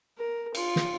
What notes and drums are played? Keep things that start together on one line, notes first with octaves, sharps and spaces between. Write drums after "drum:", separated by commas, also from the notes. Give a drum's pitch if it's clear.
A#4
F4, drum: cymbal
drum: snare